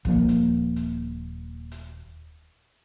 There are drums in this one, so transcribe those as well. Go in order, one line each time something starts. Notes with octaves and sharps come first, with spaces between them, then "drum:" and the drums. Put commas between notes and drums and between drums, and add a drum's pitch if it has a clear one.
D#1 F3 A#3, drum: kick
drum: hi-hat
drum: hi-hat
drum: hi-hat